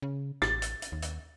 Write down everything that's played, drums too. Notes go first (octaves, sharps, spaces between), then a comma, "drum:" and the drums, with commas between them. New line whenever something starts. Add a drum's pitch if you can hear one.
C#3
A1 A6, drum: rim click
drum: hi-hat
drum: hi-hat
D#2
drum: hi-hat